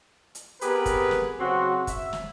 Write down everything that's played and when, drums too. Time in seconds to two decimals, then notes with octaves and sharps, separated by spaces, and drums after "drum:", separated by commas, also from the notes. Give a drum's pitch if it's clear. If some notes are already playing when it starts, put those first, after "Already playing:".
0.35 drum: hi-hat
0.61 B3 C4 G4 G#4 A#4 B4, drum: hi-hat
0.86 drum: kick, hi-hat
1.11 drum: snare
1.40 C#3 F#3 C4 F#4
1.87 E5, drum: kick, hi-hat
2.13 drum: snare